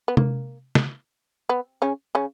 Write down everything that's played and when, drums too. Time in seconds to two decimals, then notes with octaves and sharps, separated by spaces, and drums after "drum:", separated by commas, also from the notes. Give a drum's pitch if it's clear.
0.08 B3
0.17 A#3, drum: tom C3
0.75 drum: snare
1.49 B3
1.82 C#3 C#4
2.15 C#3 C#4